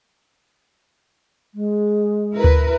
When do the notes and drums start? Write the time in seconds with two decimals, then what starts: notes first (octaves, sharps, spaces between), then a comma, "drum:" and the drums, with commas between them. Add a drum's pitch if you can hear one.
1.55 G#3
2.33 E4 A#4 B4
2.44 drum: tom D2